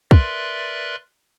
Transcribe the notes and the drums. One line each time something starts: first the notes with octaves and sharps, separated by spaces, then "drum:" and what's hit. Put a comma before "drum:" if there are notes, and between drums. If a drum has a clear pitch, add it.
A#4 B4 D5 E5 C6 F#6, drum: kick